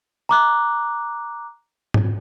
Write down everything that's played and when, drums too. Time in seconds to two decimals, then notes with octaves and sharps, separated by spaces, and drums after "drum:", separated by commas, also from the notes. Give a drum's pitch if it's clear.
0.29 A#5 D6 F#6
1.94 drum: tom G#2